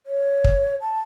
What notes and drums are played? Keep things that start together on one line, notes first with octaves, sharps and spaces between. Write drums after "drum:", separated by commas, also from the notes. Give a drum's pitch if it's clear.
C#5
drum: kick
A5